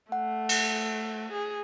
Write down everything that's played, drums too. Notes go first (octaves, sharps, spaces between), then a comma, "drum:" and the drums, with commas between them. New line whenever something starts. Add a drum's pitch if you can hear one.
A3 F#5
drum: cymbal
G#4